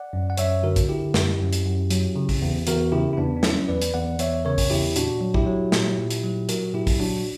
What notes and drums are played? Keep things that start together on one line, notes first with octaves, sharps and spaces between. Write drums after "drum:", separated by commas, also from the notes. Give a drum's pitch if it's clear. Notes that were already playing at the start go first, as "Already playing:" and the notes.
Already playing: D5 F#5
F#2
F#5
F#2 C#5 E5, drum: hi-hat
D3 F#4 A#4
drum: kick, hi-hat
D3 E4 G4
F#2, drum: snare
F#2
drum: hi-hat
F#2
F#3, drum: hi-hat
C#3
drum: kick, open hi-hat
E2
E2 F#4 A#4, drum: hi-hat
C#3 E4 G4
E4
E2 B3 D4
D4
F#3 C#4 E4, drum: snare
E2 B4 D5
drum: hi-hat
E2 D5 F#5
E2 C#5 E5, drum: hi-hat
C#3 A#4 C#5
drum: kick, open hi-hat
E2 E4 G4
A#2 D4 F#4, drum: hi-hat
F#3
E4 G4, drum: kick
F#3
A#2, drum: snare
A#2
drum: hi-hat
F#3
F#3 F#4 A#4, drum: hi-hat
A#2 E4 G4
drum: kick, open hi-hat
F#3 D4 F#4